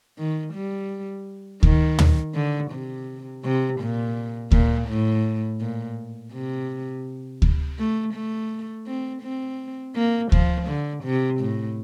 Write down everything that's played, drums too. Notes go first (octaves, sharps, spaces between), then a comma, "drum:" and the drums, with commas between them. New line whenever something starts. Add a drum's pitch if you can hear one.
D#3
G3
D#3, drum: kick D2
drum: tom
D3
C3
C3
A#2
A#2, drum: kick D2
A2
A#2
C3
drum: kick D2
A3
A3
C4
C4
A#3
F3, drum: kick D2
D3
C3
A2